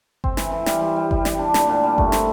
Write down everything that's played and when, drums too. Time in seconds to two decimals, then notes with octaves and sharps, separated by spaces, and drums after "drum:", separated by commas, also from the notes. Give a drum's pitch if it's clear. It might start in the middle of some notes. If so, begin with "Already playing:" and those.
0.24 C4, drum: kick G1
0.37 E3, drum: snare
0.52 E3
0.66 G3, drum: snare
0.81 G3
0.96 G3
1.11 G3, drum: kick G1
1.25 G3, drum: snare
1.39 D4
1.54 A#2, drum: snare
1.69 A#2
1.83 G3
1.98 A3, drum: kick G1
2.12 C4, drum: snare